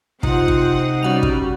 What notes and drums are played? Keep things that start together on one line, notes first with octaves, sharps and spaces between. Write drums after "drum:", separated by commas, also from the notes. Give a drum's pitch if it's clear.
C3 C4 D#4 F4 F#5, drum: kick
drum: kick
G3 C#4 F#4 F#5 F7
drum: kick